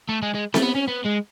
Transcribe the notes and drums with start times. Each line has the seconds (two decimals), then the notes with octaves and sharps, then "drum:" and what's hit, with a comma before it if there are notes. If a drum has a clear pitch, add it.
0.09 A3
0.22 G#3
0.35 G#3
0.54 A3, drum: snare C4
0.62 B3
0.75 C#4
0.87 B3
1.05 G#3